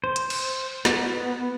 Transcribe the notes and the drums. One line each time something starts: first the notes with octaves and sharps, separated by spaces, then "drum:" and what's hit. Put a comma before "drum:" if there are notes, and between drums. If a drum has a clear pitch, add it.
C5
drum: hi-hat
drum: cymbal
B3, drum: snare